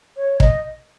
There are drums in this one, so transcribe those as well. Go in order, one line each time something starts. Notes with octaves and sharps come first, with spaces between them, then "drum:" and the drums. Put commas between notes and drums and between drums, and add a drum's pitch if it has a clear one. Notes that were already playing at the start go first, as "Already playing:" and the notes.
C#5
D#5, drum: kick